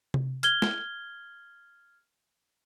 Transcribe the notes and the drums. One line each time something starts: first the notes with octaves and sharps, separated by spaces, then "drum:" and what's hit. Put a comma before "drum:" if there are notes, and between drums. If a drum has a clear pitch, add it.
drum: tom C3
F6 G#6 G7, drum: hi-hat
drum: snare